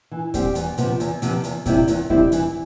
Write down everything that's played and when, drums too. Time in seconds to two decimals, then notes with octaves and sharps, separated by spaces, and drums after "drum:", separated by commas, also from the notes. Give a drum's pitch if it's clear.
0.12 E3
0.34 G3 C4 G4, drum: kick D#2, hi-hat
0.55 E2, drum: hi-hat
0.78 C3 F3 B3, drum: hi-hat
1.00 E2, drum: hi-hat
1.22 C3 F3 B3, drum: hi-hat
1.44 E2, drum: hi-hat
1.66 C3 G3 C4 E4, drum: kick D#2, hi-hat
1.88 E2, drum: hi-hat
2.10 C3 G3 C4 E4, drum: kick D#2
2.32 E3, drum: hi-hat